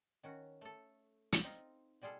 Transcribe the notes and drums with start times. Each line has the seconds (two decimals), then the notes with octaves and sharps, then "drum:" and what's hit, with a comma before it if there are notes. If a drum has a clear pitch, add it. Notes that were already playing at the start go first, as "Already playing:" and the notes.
0.23 D#3 C#4 F#4
0.61 A3 A4
1.32 drum: hi-hat
1.43 C4 D#4 F4
2.02 B2 G3 F4 G#4 A4